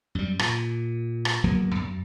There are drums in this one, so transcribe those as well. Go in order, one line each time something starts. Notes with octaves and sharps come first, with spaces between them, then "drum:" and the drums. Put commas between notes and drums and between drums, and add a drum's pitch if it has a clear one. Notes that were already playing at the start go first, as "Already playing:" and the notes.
F#2 G3
A#2, drum: rim click
drum: rim click
D1 F#3 A#3 B3
F#2